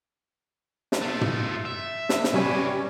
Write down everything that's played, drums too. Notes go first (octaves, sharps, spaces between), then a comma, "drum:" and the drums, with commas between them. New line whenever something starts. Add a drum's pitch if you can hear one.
drum: snare
A3 F4
drum: tom
E5
drum: snare
drum: snare
C3 G3 C#4 B4